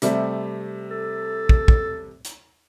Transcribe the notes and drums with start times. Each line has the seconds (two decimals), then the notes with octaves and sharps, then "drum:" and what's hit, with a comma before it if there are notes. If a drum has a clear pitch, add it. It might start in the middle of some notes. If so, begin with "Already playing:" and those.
0.02 C3 G3 A3, drum: hi-hat
0.90 A4
1.49 drum: kick
1.68 drum: kick
2.25 drum: hi-hat